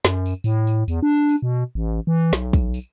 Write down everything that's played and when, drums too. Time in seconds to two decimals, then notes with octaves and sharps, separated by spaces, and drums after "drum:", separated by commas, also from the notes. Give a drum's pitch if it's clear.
0.05 F#2, drum: snare
0.26 drum: tambourine
0.44 A2, drum: tambourine
0.67 drum: tambourine
0.88 E2, drum: tambourine
1.03 D4
1.29 drum: tambourine
1.42 B2
1.75 A1
2.07 E3
2.33 B1, drum: snare
2.53 drum: kick, tambourine
2.74 drum: tambourine